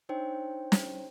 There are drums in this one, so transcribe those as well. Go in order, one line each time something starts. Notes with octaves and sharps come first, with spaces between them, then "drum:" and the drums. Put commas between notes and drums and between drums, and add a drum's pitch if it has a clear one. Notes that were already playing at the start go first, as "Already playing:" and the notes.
D4 D#4 C5 C#5 G5
drum: snare